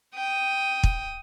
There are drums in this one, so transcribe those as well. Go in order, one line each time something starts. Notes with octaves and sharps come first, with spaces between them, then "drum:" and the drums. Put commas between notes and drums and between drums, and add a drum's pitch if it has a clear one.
G5 D#6
drum: kick